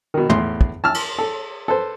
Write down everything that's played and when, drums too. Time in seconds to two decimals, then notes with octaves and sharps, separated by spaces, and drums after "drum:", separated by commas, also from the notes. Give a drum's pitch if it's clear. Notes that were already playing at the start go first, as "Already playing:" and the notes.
0.14 B2 D#3
0.30 E2 A2 C6, drum: tom
0.61 drum: kick
0.84 A5 E6 F6
0.94 drum: cymbal
1.18 A4
1.68 A4 B4 C5